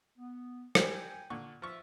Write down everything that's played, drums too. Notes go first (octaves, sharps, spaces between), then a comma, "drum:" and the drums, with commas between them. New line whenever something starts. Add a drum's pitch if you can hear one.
B3
E3 F#3 G3 G5 G#5, drum: rim click
A#2 D3 C#6
F3 E5 C#6